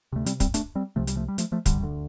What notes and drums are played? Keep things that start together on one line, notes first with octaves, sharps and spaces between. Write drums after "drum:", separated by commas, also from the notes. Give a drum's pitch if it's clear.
D2 C3 A3
G3 C4, drum: hi-hat
G3 C4, drum: kick, hi-hat
A3 D4, drum: hi-hat
G3 C4
C2 C3 F3 A3
G3, drum: hi-hat
F3 A3
G3
F3 A3, drum: hi-hat
F3 A3
D3 G3, drum: kick, hi-hat
D2 D3